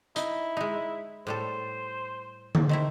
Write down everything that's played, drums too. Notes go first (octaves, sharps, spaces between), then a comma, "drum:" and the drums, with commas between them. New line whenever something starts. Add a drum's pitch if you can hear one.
D#4 E4, drum: hi-hat
G#3 D#4
A2 G3 A4 C5
drum: tom D3
D#3 A3 E4 C5